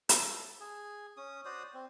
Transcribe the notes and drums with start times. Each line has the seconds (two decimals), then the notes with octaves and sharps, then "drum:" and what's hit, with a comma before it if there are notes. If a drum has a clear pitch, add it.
0.09 A4, drum: hi-hat
0.60 G#4
1.17 C#4 D#6
1.45 F#4 C5 D5 D#6
1.74 C4